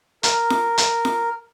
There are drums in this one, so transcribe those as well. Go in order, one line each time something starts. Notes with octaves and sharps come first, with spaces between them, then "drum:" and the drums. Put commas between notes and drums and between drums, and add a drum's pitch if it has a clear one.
A#4, drum: hi-hat
drum: snare F4
drum: hi-hat
drum: snare F4